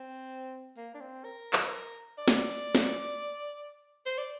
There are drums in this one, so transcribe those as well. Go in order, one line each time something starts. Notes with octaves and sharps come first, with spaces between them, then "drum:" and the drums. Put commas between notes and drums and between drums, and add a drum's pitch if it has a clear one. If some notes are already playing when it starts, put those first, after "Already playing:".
Already playing: C4
A#3
D4
C4
A#4
drum: clap
D5
drum: snare
drum: snare
C5
D5